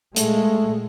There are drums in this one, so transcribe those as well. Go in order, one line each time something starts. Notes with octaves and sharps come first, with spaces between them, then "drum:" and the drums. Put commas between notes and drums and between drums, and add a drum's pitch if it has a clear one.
A#2 G#3 A3, drum: hi-hat